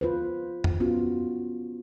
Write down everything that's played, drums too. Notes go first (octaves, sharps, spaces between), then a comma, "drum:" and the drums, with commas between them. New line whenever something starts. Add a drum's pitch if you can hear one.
F4 B4 C5
drum: tom F2
B3 C#4 F4 F#4